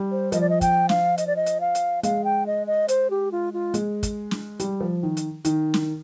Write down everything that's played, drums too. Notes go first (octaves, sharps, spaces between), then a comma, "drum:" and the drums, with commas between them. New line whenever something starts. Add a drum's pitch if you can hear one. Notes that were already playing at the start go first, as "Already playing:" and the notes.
Already playing: G3
C5
F3 D#5, drum: hi-hat
D5
D#5
G5, drum: kick, hi-hat
F5, drum: snare
D#5, drum: hi-hat
D5
D#5
drum: hi-hat
F5
drum: hi-hat
G#3 F5, drum: hi-hat
G5
D#5
D#5
C5, drum: hi-hat
G4
F4
F4
G#3, drum: hi-hat
drum: kick, hi-hat
drum: snare
G3, drum: hi-hat
F3
D#3
drum: hi-hat
D#3, drum: hi-hat
drum: snare